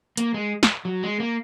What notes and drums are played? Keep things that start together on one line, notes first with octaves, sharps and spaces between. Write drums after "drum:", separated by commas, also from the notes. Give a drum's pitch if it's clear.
A#3, drum: hi-hat
G#3
drum: snare
F#3
G#3
A#3